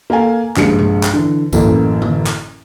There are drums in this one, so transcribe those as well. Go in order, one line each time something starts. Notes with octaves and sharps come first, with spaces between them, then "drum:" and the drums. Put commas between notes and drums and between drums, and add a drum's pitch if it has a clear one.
A#3 A4 F5 G#5
A#1 G2 G#3 C#7, drum: clap
drum: tom C3
drum: clap
D3 E3
A1 F#2 E3 A#3 A4, drum: kick C2, tambourine
drum: tom D3
drum: clap